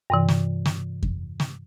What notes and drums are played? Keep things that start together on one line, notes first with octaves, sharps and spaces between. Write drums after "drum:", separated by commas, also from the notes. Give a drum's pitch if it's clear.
G2 C3 E3
drum: snare
drum: snare
drum: kick F2
drum: snare